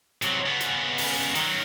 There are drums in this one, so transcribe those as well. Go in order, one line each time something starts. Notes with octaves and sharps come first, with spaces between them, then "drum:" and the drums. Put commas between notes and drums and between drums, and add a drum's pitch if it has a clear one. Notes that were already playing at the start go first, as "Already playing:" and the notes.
C3 F#3, drum: hi-hat
C#3 B3
drum: hi-hat
drum: open hi-hat
D#3 F#3, drum: hi-hat